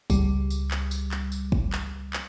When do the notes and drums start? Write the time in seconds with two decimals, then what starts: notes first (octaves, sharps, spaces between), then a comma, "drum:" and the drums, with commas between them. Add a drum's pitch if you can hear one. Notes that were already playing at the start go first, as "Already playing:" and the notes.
0.10 C#2 G3, drum: kick, tambourine
0.50 drum: tambourine
0.71 drum: clap
0.91 drum: tambourine
1.11 drum: clap
1.32 drum: tambourine
1.52 drum: kick
1.72 drum: clap
2.13 drum: clap